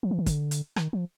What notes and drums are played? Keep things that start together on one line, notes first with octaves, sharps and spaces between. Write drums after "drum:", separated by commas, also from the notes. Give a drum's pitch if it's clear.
F3
E3
D#3
D3, drum: kick, hi-hat
drum: hi-hat
D#3, drum: rim click
F3